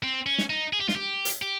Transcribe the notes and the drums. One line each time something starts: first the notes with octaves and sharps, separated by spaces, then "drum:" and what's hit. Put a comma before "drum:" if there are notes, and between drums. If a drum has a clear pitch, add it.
C4
C#4
drum: snare
D#4
G#4
G4
F4, drum: snare
G4
drum: hi-hat
G4